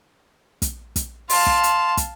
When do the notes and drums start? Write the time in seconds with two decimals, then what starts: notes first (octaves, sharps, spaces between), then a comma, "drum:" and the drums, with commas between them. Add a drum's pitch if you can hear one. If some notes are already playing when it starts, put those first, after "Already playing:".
0.62 drum: kick, hi-hat
0.96 drum: kick, hi-hat
1.30 F5 A5 C6, drum: open hi-hat
1.47 drum: kick
1.63 drum: hi-hat
1.97 drum: kick, hi-hat